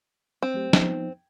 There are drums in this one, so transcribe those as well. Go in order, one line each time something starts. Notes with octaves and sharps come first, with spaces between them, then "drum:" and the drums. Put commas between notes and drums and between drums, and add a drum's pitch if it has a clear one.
C4
F#3 A3 G4
F3 B3 D#4, drum: snare